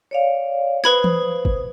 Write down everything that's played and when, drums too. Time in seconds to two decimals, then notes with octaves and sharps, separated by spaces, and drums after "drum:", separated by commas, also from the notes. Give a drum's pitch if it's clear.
0.11 C#5 D5 F5
0.84 B4 C5 B5 D#6 G#6, drum: snare
1.04 drum: tom E3
1.45 drum: kick